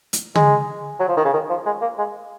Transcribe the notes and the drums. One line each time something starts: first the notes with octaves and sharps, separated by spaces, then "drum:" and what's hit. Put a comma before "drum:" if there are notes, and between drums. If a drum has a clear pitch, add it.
drum: hi-hat
G#3, drum: tom
F#3
F3
D#3
C#3
D#3
F3
G#3
A#3
G#3